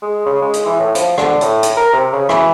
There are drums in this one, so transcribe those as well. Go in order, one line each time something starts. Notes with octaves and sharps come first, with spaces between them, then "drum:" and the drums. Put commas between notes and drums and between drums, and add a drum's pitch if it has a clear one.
G#3
C#3
G#3
drum: hi-hat
E3
A2
F3, drum: hi-hat
D3, drum: rim click
A2, drum: hi-hat
drum: hi-hat
A#4
C3
C#3
E3, drum: rim click